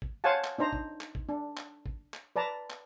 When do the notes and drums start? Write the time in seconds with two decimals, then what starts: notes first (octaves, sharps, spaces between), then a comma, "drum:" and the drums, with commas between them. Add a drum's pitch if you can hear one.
0.02 drum: kick G#1
0.24 C5 C#5 F5 F#5 G#5 A5
0.44 drum: clap
0.58 D4 D#4 C5 A#5
0.73 drum: kick G#1
1.01 drum: clap
1.15 drum: kick G#1
1.29 D4
1.57 drum: clap
1.86 drum: kick G#1
2.14 drum: clap
2.36 B4 D5 A5 A#5
2.70 drum: clap